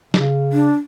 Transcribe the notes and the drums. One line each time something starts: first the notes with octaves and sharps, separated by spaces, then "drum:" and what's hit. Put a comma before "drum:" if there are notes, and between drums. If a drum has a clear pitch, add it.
C#3, drum: snare
D4